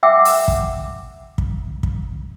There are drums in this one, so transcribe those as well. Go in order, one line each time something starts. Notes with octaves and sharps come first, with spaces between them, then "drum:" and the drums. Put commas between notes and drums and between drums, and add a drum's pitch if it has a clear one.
E5 F#5 G5 D6 E6
drum: open hi-hat
drum: kick
drum: kick
drum: kick